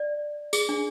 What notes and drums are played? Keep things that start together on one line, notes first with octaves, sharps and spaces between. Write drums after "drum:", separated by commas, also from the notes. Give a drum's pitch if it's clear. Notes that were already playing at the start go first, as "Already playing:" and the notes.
Already playing: D5
G#4, drum: tambourine
D4